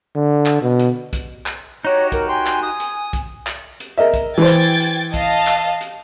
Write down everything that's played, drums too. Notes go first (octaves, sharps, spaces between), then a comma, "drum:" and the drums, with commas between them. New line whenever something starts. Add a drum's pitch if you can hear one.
D3
drum: clap
B2
drum: hi-hat
drum: kick B1, hi-hat
drum: clap
D#4 F#4 G4 C#5 A#5
A#4, drum: kick B1, hi-hat
G5 G#5 C6
drum: clap
D#6
drum: hi-hat
drum: kick B1, hi-hat
drum: clap
drum: hi-hat
A#4 D#5 E5
drum: kick B1, hi-hat
E3 C5 G5 G#6 A6
drum: clap
drum: hi-hat
D#5 F5 A5, drum: kick B1, hi-hat
drum: clap
drum: hi-hat